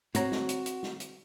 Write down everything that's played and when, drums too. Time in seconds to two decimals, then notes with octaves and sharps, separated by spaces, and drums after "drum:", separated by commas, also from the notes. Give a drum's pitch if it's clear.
0.15 C4 F#4 C#5 A#5, drum: hi-hat
0.32 drum: snare
0.49 drum: hi-hat
0.66 drum: hi-hat
0.83 drum: snare
1.00 drum: hi-hat